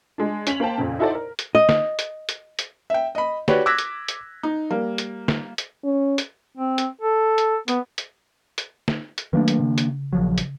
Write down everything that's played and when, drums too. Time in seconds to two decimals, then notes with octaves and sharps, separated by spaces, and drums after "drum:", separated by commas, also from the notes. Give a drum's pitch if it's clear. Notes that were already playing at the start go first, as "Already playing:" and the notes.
0.18 G#3 D4
0.47 C#4 B6 F7 F#7, drum: hi-hat
0.60 A#3 C5 G5 A5
0.78 F2 A#2 C#3
0.99 D#4 E4 F#4 A4 C5 D5
1.15 A#4
1.39 drum: hi-hat
1.55 D#5
1.69 drum: snare
1.99 drum: hi-hat
2.29 drum: hi-hat
2.59 drum: hi-hat
2.90 E5 G5
3.15 D#5 B5
3.48 F#4 G4 B4 C#5 D5, drum: snare
3.66 D6 E6 F#6 G#6 A#6 B6
3.78 drum: hi-hat
4.08 drum: hi-hat
4.43 D#4
4.70 G3 A#3
4.98 drum: hi-hat
5.28 drum: snare
5.58 drum: hi-hat
5.84 C#4
6.18 drum: hi-hat
6.57 C4
6.78 drum: hi-hat
7.01 A4
7.38 drum: hi-hat
7.68 B3, drum: hi-hat
7.98 drum: hi-hat
8.58 drum: hi-hat
8.88 drum: snare
9.18 drum: hi-hat
9.33 D#3 F#3 A3 A#3 D4 B4
9.48 drum: hi-hat
9.59 C#3
9.78 drum: hi-hat
10.13 A#1 F3 F#3
10.38 drum: hi-hat